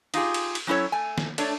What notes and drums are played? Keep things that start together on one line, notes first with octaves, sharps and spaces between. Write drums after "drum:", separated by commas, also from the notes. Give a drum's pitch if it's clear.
D#4 F4 G4 G#4, drum: cymbal
drum: cymbal
drum: cymbal
F#3 C#4 E4 A4 C#5
A3 G#5
drum: snare
A3 D4 C#5, drum: cymbal